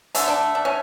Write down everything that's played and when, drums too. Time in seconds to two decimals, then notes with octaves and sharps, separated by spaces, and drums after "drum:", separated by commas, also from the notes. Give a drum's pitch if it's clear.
0.15 D3 A3 C#4, drum: hi-hat
0.28 D4
0.55 D4
0.65 C#4